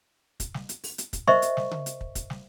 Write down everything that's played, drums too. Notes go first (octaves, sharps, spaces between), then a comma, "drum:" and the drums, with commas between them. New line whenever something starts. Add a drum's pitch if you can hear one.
drum: kick, hi-hat
drum: snare
drum: hi-hat
drum: open hi-hat
drum: hi-hat
drum: kick, hi-hat
A#4 C5 D#5 E5 C#6, drum: snare
drum: hi-hat
drum: snare
drum: tom C#3
drum: hi-hat
drum: kick
drum: kick, hi-hat
drum: snare